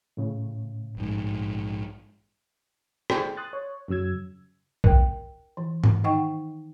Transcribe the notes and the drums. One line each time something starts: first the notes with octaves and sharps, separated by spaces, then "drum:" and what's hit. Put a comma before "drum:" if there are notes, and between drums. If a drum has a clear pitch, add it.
A2 C#3
A#1 G#2
G#4 A4 C5 D5 G5, drum: rim click
C6 D#6 F#6 A6
C#5
F#2 C#3 F#3 E6 G#6
A#4 G5, drum: kick B1
E3
drum: tom
D#3 D#4 D#5 F#5 G5 C#6